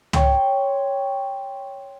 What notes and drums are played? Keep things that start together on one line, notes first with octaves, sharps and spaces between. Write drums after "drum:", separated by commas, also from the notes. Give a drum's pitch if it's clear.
C#5 G5 C6, drum: tom